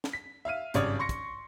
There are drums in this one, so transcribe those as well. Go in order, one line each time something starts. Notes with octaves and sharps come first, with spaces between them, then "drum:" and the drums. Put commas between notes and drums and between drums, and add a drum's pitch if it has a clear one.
drum: snare
B6
E5 F5 F6 D#7
G#1 G2 C#3 C#5 D5 D#6, drum: hi-hat
C6 C#6 A#6 C#7
drum: kick, hi-hat